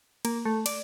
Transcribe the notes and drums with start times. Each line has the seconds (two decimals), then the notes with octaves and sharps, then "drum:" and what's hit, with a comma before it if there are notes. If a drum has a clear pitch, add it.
0.25 A#3, drum: cymbal
0.45 A3
0.66 D5, drum: cymbal